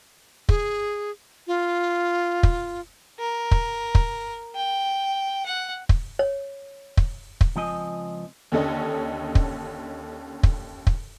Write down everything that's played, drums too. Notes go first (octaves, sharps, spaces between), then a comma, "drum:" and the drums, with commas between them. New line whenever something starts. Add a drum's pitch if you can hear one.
G#4, drum: kick
F4
drum: kick
A#4
drum: kick
drum: kick
G5
F#5
drum: kick
C#5
drum: kick
drum: kick
C#2 F3 C4 D#5 G#5
D#2 D3 C#4 A4 D#5
drum: kick
drum: kick
drum: kick